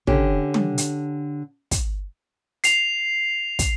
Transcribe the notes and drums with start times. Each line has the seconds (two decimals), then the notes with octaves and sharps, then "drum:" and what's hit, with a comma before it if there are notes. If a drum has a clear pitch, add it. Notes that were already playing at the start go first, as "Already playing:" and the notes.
0.07 D3 C#4 G4, drum: tom
0.54 drum: tom
0.78 drum: hi-hat
1.71 drum: kick, hi-hat
2.64 C7 F7, drum: hi-hat
3.59 drum: kick, hi-hat